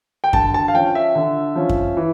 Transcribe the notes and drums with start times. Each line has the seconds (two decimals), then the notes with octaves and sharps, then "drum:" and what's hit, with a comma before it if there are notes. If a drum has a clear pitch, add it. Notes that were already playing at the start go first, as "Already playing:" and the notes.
0.24 G5
0.33 D3 A5, drum: kick F#2
0.54 A5
0.68 F5
0.74 F3 C#4 G5
0.95 E5
1.15 D3
1.55 F3 C#4
1.69 drum: kick F#2
1.97 E3